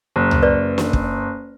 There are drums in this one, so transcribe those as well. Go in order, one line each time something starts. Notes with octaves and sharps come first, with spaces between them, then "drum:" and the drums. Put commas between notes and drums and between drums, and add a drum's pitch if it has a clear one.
F#1
drum: tom C#2
B4 D5
drum: snare
drum: kick